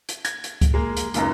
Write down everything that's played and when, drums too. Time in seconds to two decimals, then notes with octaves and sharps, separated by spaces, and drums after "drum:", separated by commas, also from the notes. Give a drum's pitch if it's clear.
0.09 drum: hi-hat
0.25 G#6, drum: hi-hat
0.44 drum: hi-hat
0.61 drum: kick C#2, hi-hat
0.74 G#3 A#3
0.97 drum: hi-hat
1.14 G#1 C#2 F#2, drum: hi-hat